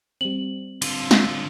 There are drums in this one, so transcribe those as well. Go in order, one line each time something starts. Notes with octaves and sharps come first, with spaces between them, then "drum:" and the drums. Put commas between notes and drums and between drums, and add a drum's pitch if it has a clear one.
G3 C4 F#7
D3 F4, drum: cymbal
drum: snare